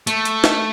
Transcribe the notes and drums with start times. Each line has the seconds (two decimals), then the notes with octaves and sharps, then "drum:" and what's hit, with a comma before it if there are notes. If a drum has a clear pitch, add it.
0.07 A3, drum: hi-hat
0.25 drum: hi-hat
0.44 drum: snare